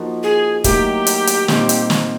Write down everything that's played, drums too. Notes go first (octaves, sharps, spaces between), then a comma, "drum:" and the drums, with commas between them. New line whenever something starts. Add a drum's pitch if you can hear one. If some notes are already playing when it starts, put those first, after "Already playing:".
Already playing: F3 A#3 D#4 F#4
G#4
A2 F#3 A#3 D#4 G4, drum: kick, hi-hat
drum: hi-hat
drum: hi-hat
A#2 G3 C4 D#4, drum: snare
drum: hi-hat
drum: snare